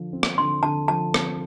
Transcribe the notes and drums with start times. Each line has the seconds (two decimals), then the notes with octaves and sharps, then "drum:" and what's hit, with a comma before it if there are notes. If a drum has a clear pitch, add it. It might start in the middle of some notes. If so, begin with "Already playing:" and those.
Already playing: D3 F3
0.13 C4
0.23 drum: rim click
0.38 D3 C6
0.63 D3 A5
0.88 F3 A5
1.14 C4, drum: rim click